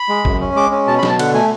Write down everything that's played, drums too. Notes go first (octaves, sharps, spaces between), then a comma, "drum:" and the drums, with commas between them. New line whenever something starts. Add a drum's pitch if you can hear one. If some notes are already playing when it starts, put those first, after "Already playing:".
Already playing: B5
G#3
F#2, drum: kick
C#4
G#3 D6
C#4
B2 A5
B5
B2, drum: snare
A5
D3 F#5, drum: cymbal
A3 G#5